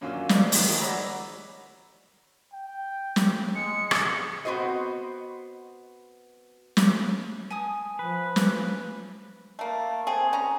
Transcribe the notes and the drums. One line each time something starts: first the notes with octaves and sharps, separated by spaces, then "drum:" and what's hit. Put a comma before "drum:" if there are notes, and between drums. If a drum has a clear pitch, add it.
F#2 D3 A#3 C#4 F4 F#4
A1 D4 C5 D#5 C6, drum: snare
F2 D#3, drum: open hi-hat
G#4 D#5
C#5 D5 F#5 A#5 B5 E6
G5
drum: snare
G#3 C#7
drum: rim click
B3 C4 F#4 C5 D#5
drum: snare
G#5 D#6
F3 B4
drum: snare
A3 A#3
A3 C4 G#4
C#4 A#5